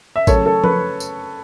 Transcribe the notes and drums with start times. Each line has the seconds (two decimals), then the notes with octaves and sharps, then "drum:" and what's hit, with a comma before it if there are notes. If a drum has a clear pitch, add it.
0.16 E5
0.27 C#3 F#3 A3 A4 C#5, drum: kick A1, tambourine
0.46 A4
0.64 B4, drum: tom F3
1.00 drum: tambourine